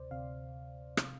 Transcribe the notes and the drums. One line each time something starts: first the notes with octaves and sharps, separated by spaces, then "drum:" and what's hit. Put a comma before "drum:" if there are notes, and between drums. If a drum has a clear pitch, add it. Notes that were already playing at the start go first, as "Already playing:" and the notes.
Already playing: D2 C3 C5 D5
D2 C3 F5
C3, drum: rim click